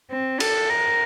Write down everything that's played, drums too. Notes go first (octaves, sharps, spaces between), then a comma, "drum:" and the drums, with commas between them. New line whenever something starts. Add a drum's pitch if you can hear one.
C4
A4, drum: cymbal
A#4